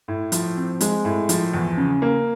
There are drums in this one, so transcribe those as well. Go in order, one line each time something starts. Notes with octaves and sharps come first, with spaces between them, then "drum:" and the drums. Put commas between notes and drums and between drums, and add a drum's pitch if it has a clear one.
A2
F3, drum: hi-hat
C4
G#3, drum: hi-hat
A2
F3, drum: hi-hat
E2
C#3
A#3